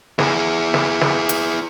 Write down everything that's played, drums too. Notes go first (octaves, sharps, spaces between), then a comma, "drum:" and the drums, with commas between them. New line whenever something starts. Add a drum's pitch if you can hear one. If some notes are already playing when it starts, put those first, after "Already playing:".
E4 G#4, drum: snare
drum: snare
drum: snare
drum: hi-hat